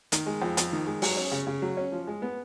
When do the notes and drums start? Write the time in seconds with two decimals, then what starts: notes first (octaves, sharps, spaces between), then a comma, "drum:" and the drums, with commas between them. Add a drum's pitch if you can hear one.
0.12 D#3, drum: hi-hat
0.26 G#3
0.42 F2
0.57 F2, drum: hi-hat
0.72 D#3
0.87 G#3
1.02 F#3, drum: open hi-hat
1.17 C#4
1.32 C#3
1.47 C#3
1.62 F#3
1.77 C#4
1.92 F3
2.07 G#3
2.22 B3